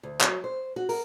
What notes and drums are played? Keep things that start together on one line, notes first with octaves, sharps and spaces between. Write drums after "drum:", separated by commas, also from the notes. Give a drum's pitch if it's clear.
D2
F#3, drum: clap
C5
F#4
A#4, drum: open hi-hat